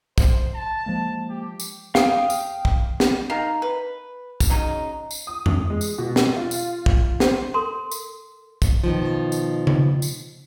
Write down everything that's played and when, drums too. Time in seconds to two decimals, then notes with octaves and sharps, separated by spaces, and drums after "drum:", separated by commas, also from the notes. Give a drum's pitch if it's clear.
0.18 C5, drum: kick, tambourine
0.54 A5
0.86 F3 G#3 A#3
1.30 G4
1.60 drum: tambourine
1.95 F5 G5 D#6, drum: snare
2.30 drum: tambourine
2.65 drum: kick
3.00 drum: snare
3.30 D#3 F5 A#5
3.62 B4
4.40 drum: kick, tambourine
4.50 C#3 F#3 D#4
5.11 drum: tambourine
5.27 D#6
5.46 drum: tom F2
5.70 G#3
5.81 drum: tambourine
5.98 B2
6.16 drum: snare
6.36 F4
6.51 drum: tambourine
6.86 drum: kick
7.20 C5, drum: snare
7.54 A4 A#4 C6
7.92 drum: tambourine
8.62 drum: kick, tambourine
8.84 B2 D#3 F3
9.32 drum: tambourine
9.67 drum: tom C#3
10.02 drum: tambourine